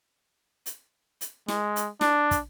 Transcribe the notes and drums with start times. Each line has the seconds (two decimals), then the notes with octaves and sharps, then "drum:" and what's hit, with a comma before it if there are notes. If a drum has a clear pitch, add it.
0.66 drum: hi-hat
1.21 drum: hi-hat
1.48 G#3, drum: snare
1.76 drum: hi-hat
2.01 D4, drum: snare
2.31 drum: kick, hi-hat